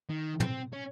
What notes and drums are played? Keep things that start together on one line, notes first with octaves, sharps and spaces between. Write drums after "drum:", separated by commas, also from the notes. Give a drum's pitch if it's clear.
D#3
C4, drum: tom
C#4